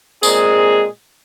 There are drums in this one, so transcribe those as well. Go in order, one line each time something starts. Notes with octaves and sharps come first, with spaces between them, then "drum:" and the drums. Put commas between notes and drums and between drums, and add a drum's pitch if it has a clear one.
A#2 G#3 C4 G#4, drum: tambourine